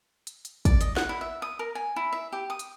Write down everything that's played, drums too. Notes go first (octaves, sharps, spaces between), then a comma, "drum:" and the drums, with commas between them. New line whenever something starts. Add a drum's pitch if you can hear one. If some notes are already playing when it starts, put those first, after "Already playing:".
drum: hi-hat
drum: hi-hat
D5, drum: kick, hi-hat
D#5, drum: hi-hat
F#5, drum: snare
E4
E5
D#6
A#4
G#5
E4
E5
G4
D#6
drum: hi-hat